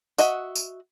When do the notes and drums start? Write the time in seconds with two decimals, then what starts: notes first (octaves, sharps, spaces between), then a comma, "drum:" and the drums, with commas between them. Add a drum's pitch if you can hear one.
0.18 F#4 D#5 E5 F#5, drum: tambourine
0.55 drum: tambourine